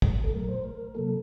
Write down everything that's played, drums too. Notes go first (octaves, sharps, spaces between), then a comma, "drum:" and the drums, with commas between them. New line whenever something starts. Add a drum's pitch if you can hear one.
drum: kick
A4
A#2 F#3 A3 A#4
C5
A#4
C3 F#3 A#3 A4